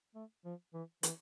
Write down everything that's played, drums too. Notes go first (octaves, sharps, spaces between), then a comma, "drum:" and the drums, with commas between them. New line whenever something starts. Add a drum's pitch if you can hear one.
A3
F3
E3
E3, drum: hi-hat